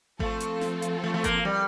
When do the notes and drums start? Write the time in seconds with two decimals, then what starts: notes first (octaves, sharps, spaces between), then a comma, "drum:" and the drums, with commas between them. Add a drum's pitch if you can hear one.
0.19 F3 A3 C4 F4 A4, drum: kick G#1
0.40 drum: hi-hat
0.61 drum: snare
0.82 drum: hi-hat
1.04 A3
1.14 A3
1.24 A#3, drum: kick G#1, hi-hat
1.45 G3